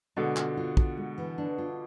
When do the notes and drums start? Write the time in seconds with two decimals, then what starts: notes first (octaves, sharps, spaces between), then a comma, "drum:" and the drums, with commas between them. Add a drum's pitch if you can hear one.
0.16 B2 D3 G#3
0.37 F4, drum: clap
0.57 F4
0.77 F4, drum: kick
0.97 G#3
1.18 E3
1.38 D4
1.58 F4